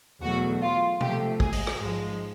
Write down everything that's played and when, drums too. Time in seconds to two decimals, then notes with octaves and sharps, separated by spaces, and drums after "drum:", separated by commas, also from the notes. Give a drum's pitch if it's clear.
0.22 E2 B2 F#3 A3 F#4
0.61 F4
1.00 C3 F3 A3 G4, drum: tom
1.40 G#4, drum: kick
1.52 drum: open hi-hat
1.67 drum: rim click
1.79 G#2 F3 G#3